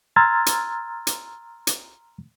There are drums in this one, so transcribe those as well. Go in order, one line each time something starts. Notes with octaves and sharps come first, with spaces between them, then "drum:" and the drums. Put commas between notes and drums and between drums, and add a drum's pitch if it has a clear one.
A#5 C6 E6 F6 G#6 A6
drum: hi-hat
drum: hi-hat
drum: hi-hat